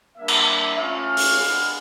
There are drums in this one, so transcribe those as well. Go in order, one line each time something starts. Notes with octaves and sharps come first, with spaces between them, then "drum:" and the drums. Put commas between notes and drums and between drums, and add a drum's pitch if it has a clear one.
G3 A#3 D4 E5
drum: cymbal
A3 C#4 F4 F5
drum: open hi-hat
G#3 B3 D4